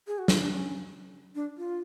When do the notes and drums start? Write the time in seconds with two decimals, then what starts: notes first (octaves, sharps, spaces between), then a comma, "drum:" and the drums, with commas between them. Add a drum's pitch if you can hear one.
0.07 G#4
0.19 F#4
0.28 F4, drum: snare
0.40 D4
0.51 C#4
1.35 D4
1.58 F4